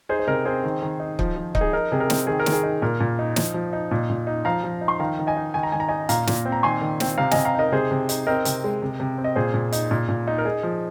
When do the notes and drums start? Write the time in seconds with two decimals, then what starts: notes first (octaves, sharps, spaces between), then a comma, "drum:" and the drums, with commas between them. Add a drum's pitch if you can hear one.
0.09 D#4 G#4 C5
0.19 C5
0.27 C3 A#4 D#5
0.45 C4 G#4 C5
0.64 D#3
0.82 D#3
1.00 D#4
1.19 F3, drum: kick C#1
1.36 F3
1.55 D#4, drum: kick C#1
1.61 G#4
1.73 D#4 A#4
1.92 C3 G#4
2.00 A#4
2.10 C4, drum: snare
2.27 D#3 G#4
2.40 A#4
2.46 D#3, drum: snare
2.52 G#4
2.63 D#4
2.82 A#2 A#4
3.00 A#2
3.19 D#4
3.36 F3, drum: snare
3.54 F3
3.73 D#4
3.91 A#2
4.10 A#2
4.27 D#4
4.45 F3 F5 A#5
4.64 F3
4.81 D#4
4.88 C6
4.99 D#3 F5 A#5
5.19 D#3
5.27 D#5 G#5
5.37 D#4
5.54 D#3 G#5
5.63 A#5
5.72 D#3 G#5
5.80 A#5
5.88 D#4 D#5 G#5
6.09 A#2 F5 A#5, drum: hi-hat
6.27 A#2, drum: snare
6.45 C4
6.52 A#5
6.63 D#3 G#5 C6
6.81 D#3
7.00 C4, drum: snare
7.18 C3 F5 A#5
7.31 C3 D#5 G#5, drum: snare
7.45 F5 A#5
7.55 D#4 A#4 D#5
7.72 C3 G#4 C5
7.91 C3
8.09 D#4, drum: hi-hat
8.27 C4 A#4 D#5
8.45 C3, drum: hi-hat
8.64 G#3
8.82 C3
9.00 C3
9.18 C4
9.24 D#5
9.36 A#2 G#4 C5
9.54 A#2
9.72 D#4, drum: hi-hat
9.91 A#2
10.09 A#2
10.27 D#4
10.38 A#4
10.45 D#4 G#4
10.63 F3